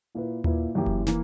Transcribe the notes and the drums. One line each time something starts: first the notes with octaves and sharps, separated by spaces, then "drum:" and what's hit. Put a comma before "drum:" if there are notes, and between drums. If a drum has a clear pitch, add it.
A#2 A#3 E4 B4
A#2 A#3 E4 B4, drum: tom D#2
F#2 E3 A#3 E4 G4
drum: kick F1
E3 A#3, drum: snare